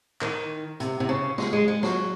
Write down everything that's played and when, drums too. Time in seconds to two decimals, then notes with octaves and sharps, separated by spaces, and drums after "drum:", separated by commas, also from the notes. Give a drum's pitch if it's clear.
0.21 D#3, drum: clap
0.80 C3, drum: hi-hat
1.00 C3
1.09 C#3
1.38 G#3, drum: snare
1.53 G#3
1.68 G#3
1.83 F#3, drum: snare